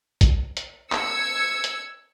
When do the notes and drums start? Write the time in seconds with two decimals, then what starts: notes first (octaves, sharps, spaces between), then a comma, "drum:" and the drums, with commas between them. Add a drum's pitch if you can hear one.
0.21 drum: kick, hi-hat
0.57 drum: hi-hat
0.92 E6 G#6 C#7, drum: clap
1.64 drum: hi-hat